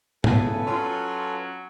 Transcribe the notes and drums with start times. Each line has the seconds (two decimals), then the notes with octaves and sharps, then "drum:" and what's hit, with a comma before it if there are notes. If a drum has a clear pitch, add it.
0.24 E2 C#3 A3 B3 G#4 A4 B4 G#5, drum: tom G#2
0.67 F#3 C#4 F4